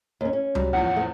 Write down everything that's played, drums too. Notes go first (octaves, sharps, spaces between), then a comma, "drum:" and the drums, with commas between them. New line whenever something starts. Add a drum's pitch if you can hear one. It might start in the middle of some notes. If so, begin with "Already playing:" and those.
D#2 C#4
C#4
F#3 G3, drum: tom C#2
E2 A2 F3 F#5
A3 C4